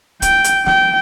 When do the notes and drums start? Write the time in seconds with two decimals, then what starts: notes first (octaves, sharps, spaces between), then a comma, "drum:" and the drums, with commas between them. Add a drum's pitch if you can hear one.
0.22 G5, drum: kick, hi-hat
0.44 drum: hi-hat
0.66 G5, drum: snare